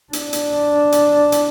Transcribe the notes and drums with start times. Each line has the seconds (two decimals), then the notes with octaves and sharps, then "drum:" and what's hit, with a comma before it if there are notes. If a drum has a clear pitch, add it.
0.13 D4, drum: hi-hat
0.33 drum: hi-hat
0.92 drum: hi-hat
1.32 drum: hi-hat